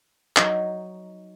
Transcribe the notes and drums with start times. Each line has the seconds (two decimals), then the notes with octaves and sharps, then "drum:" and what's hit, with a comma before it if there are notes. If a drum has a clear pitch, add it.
0.36 F#3 D#4, drum: clap